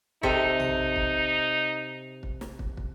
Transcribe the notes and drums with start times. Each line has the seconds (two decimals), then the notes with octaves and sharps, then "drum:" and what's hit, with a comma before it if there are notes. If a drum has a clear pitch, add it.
0.23 C3 D#4 A4 E5, drum: kick
0.59 drum: tom A#1
0.96 drum: kick
2.23 drum: kick
2.41 drum: snare
2.59 drum: kick
2.77 drum: kick